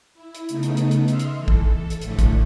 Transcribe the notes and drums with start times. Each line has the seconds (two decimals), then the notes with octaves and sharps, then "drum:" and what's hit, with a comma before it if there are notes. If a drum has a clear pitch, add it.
0.14 E4
0.35 drum: hi-hat
0.49 C#3 A3 B3 D#4, drum: hi-hat
0.63 drum: hi-hat
0.77 drum: hi-hat
0.91 drum: hi-hat
1.08 D#5 E5 C6 E6 F6, drum: hi-hat
1.20 drum: hi-hat
1.37 E3 A4
1.48 drum: kick
1.71 A4
1.90 drum: hi-hat
2.01 A2 D3 E3 F3 A3 A4, drum: hi-hat
2.19 drum: kick, hi-hat